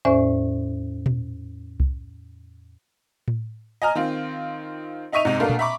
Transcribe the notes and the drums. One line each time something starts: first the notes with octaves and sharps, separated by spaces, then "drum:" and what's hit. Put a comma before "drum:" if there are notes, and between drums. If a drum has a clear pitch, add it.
E2 A2 C#4 C5 D5 E5
drum: tom A#2
drum: kick C2
drum: tom A2
D#5 G#5 A#5 F6
D#3 C4 F4
D#4 D#5 E5 C#6 D#7 F7
G#2 C3 G#3
B2 A3 A#3 D4 A#4 F5
drum: tom A#2
E5 A#5 B5 C#6 D6